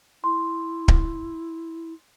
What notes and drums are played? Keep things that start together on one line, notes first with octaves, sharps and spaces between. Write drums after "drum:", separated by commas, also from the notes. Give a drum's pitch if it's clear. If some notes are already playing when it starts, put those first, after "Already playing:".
E4 C6
drum: kick D1